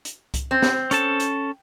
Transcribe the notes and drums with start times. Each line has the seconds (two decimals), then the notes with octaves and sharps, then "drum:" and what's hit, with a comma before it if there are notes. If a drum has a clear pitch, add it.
0.05 drum: hi-hat
0.34 drum: kick C2, hi-hat
0.51 C4
0.62 drum: snare
0.91 C#4 A4 A5, drum: hi-hat
1.20 drum: hi-hat